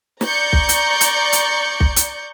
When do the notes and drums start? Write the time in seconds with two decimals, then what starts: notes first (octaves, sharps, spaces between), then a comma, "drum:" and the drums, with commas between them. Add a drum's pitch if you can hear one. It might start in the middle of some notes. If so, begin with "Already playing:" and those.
0.21 D5 A#5 C#6 G6 C#7, drum: snare
0.53 drum: kick
0.69 drum: hi-hat
1.01 drum: hi-hat
1.33 drum: hi-hat
1.80 drum: kick
1.96 drum: hi-hat